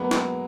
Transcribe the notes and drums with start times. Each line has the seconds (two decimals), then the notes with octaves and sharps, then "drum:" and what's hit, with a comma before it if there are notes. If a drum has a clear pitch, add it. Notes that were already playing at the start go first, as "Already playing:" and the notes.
Already playing: F#3 G#3 A#3 B3
0.11 drum: snare